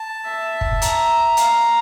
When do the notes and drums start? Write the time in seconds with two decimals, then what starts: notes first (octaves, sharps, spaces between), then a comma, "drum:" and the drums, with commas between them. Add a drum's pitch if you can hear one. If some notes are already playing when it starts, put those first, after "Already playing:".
Already playing: A5
0.25 E5
0.61 drum: kick
0.82 A#5, drum: hi-hat
1.37 F5, drum: hi-hat